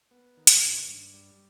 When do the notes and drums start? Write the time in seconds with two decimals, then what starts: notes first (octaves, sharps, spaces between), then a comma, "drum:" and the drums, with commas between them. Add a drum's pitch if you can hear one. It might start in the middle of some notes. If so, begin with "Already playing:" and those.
0.11 B3
0.37 D#3
0.47 drum: hi-hat
0.63 G2
0.88 G2
1.14 G3